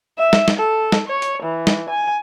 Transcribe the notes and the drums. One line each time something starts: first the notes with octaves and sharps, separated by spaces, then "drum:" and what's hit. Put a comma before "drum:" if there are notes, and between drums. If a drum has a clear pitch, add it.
E5
drum: snare
drum: snare
A4
drum: snare
C#5
drum: hi-hat
E3
drum: snare
G#5